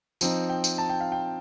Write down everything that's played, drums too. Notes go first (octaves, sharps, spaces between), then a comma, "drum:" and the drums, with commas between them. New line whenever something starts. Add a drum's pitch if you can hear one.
F3 C4 D#4, drum: tambourine
G5
drum: tambourine
A5
G5
F5
G5